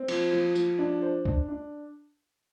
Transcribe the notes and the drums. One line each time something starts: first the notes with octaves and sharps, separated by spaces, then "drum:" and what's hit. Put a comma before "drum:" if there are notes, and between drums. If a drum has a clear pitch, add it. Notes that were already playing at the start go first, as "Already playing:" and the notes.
Already playing: C4
F3, drum: cymbal
F3
F3, drum: tambourine
D4
C5
D4, drum: kick C#2
D4